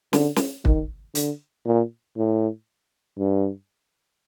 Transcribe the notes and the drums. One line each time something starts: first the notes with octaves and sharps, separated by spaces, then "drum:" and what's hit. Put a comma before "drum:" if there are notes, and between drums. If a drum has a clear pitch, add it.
D3, drum: snare
drum: snare
D#3, drum: kick
D3, drum: hi-hat
A#2
A2
G2